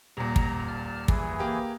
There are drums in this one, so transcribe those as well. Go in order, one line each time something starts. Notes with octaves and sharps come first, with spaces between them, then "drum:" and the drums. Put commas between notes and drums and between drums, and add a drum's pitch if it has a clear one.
D#1 A#2 A#5
drum: kick
A5 F6
E3 G#4, drum: kick
A#3 G4